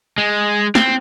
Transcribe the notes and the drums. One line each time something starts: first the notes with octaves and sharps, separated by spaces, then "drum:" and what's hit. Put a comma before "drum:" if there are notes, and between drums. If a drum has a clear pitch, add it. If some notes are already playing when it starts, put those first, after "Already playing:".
G#3
C4, drum: snare